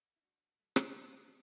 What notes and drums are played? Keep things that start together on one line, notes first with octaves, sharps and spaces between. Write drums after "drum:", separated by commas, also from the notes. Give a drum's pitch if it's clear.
E4
G#2 D4 F#4
F#3 A3
drum: rim click
G#2